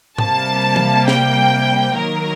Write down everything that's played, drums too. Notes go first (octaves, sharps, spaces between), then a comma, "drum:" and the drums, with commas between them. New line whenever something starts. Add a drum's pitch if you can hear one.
C3 G3 A#3 A5, drum: tom G#2
drum: tom
G5, drum: snare
D#3 F#3 A#3 A#4